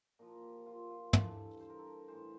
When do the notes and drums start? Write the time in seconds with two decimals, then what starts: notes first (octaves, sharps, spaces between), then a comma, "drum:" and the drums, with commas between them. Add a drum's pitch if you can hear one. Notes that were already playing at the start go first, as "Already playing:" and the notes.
0.19 A#2 F3 A#4
0.43 G4
0.66 F4
0.90 F4
1.13 G2 E3 A4, drum: tom
1.60 C5
1.70 A#4
1.79 A4
1.86 A#4
2.08 A2 E3 C5